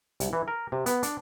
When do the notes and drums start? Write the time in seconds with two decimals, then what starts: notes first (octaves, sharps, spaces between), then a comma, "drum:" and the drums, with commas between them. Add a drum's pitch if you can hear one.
0.20 C2, drum: hi-hat
0.33 E3
0.48 A#4
0.72 C3
0.86 B3, drum: hi-hat
1.03 D4, drum: hi-hat